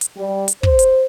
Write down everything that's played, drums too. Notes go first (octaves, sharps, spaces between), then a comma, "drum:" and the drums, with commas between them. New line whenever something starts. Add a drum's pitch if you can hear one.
drum: hi-hat
G3
drum: hi-hat
C5, drum: kick
drum: hi-hat